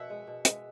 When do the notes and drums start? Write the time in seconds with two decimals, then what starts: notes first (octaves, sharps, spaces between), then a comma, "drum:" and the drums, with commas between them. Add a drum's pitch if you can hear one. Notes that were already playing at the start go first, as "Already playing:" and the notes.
Already playing: B2 C#4 E5 F#5
0.10 G#3
0.27 B2
0.45 G#3, drum: hi-hat